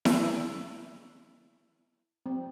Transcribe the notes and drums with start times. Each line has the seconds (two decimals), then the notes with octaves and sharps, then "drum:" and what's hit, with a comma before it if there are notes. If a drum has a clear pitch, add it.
0.05 E5, drum: snare E4
2.26 C4